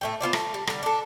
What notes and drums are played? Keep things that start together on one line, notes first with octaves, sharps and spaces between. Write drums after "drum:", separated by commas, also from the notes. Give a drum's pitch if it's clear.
A2 A3 G5
B3 F4 C5 D5
A3, drum: rim click
G3
D3 G3, drum: rim click
D4 A4